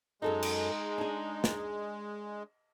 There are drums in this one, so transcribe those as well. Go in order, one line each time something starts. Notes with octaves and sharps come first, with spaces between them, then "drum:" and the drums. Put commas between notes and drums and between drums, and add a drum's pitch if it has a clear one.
F#2 G#3 D#4 A4 D#5
drum: cymbal
D4 G#4
drum: snare